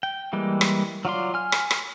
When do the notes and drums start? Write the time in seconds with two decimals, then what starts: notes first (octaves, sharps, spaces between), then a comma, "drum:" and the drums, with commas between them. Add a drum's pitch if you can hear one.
0.03 G5
0.33 E3 G3 G#3 A#3
0.61 drum: rim click
1.05 F#3 F4 D5 C6
1.34 G#5 F6
1.52 drum: rim click
1.71 drum: rim click